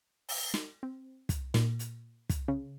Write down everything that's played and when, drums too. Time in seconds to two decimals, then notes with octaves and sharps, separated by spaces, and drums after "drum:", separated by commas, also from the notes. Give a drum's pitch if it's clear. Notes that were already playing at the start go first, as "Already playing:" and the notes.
0.29 drum: open hi-hat
0.54 drum: snare
0.83 C4
1.29 drum: kick, hi-hat
1.54 A#2, drum: snare
1.79 drum: hi-hat
2.30 drum: kick, hi-hat
2.48 C#3